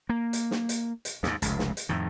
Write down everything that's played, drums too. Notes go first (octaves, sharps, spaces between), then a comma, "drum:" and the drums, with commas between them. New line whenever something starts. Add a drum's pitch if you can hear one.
A#3
drum: hi-hat
drum: snare
drum: hi-hat
drum: hi-hat
D#2 G#2, drum: snare
F1 C#2, drum: hi-hat
drum: snare
drum: hi-hat
F2 A2 D#3